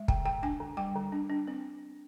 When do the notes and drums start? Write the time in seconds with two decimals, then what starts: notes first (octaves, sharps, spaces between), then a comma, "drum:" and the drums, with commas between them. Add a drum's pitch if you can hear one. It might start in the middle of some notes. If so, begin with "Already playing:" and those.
Already playing: G#3
0.08 D3 G5, drum: kick
0.25 D3 G5
0.43 D4 G#5
0.60 D3
0.77 G3 G5
0.95 D3
1.12 D4
1.29 D4
1.47 C4